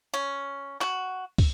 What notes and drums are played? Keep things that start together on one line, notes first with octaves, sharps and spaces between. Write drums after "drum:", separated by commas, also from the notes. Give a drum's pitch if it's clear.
C#4
F#4, drum: clap
drum: kick, open hi-hat